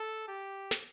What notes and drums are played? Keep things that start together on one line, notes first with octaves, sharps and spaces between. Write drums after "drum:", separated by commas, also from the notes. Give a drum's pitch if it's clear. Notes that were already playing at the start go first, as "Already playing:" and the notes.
Already playing: A4
G4
drum: snare